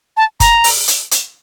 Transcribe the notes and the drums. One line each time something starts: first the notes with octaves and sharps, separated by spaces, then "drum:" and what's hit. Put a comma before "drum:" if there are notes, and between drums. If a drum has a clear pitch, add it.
A5
A#5, drum: kick F#1, hi-hat
drum: open hi-hat
drum: hi-hat
drum: hi-hat